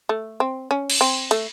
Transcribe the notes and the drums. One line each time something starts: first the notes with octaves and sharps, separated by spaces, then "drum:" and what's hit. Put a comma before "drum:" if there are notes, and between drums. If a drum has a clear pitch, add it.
A3
C4
C#4
drum: cymbal
C4
A3, drum: cymbal